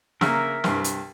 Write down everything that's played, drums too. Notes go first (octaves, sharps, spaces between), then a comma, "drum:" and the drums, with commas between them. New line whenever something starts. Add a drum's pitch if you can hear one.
C#3 A#3 A#4 E5, drum: snare
C2 G2, drum: snare
drum: hi-hat